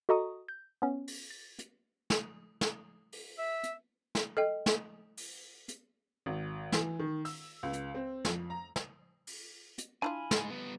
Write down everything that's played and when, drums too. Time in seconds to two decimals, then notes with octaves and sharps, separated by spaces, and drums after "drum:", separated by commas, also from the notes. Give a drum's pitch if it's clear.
0.09 F#4 A4 D#5 A#5 C#6 D#6
0.49 G6
0.82 B3 C#4
1.08 drum: open hi-hat
1.30 A6
1.59 drum: hi-hat
2.10 drum: snare
2.61 drum: snare
3.12 drum: open hi-hat
3.39 E5
3.64 drum: hi-hat
4.15 drum: snare
4.37 A4 D#5 G5
4.66 drum: snare
5.17 drum: open hi-hat
5.69 drum: hi-hat
6.26 G#1
6.72 E3, drum: snare
6.99 D#3
7.25 E6, drum: open hi-hat
7.63 C#2
7.73 drum: hi-hat
7.95 C4
8.25 F2, drum: snare
8.50 A#5
8.76 drum: snare
9.27 drum: open hi-hat
9.78 drum: hi-hat
10.02 D4 E4 F4 G#5 B5 F6
10.31 G#3 D#4, drum: snare
10.50 G3 B3